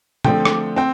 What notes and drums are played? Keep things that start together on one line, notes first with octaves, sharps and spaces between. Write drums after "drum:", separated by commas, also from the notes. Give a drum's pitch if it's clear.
D3 F3 A3 C4 G5, drum: tom
drum: rim click
C4 G5